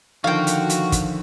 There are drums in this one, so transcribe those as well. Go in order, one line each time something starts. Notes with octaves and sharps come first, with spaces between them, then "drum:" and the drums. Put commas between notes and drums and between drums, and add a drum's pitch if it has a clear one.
D3 D#3 F3 F#4 F5 G5
drum: hi-hat
drum: hi-hat
drum: kick, hi-hat